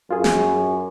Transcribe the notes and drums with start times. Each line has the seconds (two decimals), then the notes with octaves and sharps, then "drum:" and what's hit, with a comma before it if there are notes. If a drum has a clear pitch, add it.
0.11 F#2 F4 G#4
0.24 drum: snare